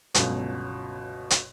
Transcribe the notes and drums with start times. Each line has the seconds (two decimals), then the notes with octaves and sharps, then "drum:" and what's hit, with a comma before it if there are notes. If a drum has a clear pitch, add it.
0.14 G1 C#2 B2 F#3 C#4, drum: hi-hat
1.30 drum: hi-hat